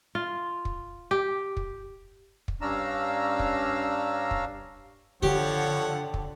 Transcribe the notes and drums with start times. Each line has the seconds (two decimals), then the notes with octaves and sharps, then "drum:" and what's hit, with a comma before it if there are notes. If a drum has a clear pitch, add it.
0.15 F4
0.65 drum: kick
1.11 G4
1.57 drum: kick
2.48 drum: kick
2.61 G2 C#4 D4 F5 A#5 E6
3.39 drum: kick
4.31 drum: kick
5.23 D3 F3 G4 C#5 F#5, drum: kick
6.14 drum: kick